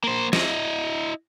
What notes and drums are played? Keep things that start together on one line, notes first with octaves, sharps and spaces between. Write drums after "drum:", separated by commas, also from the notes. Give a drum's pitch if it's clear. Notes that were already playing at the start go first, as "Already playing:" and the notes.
A#3 C5
E4 D#5, drum: snare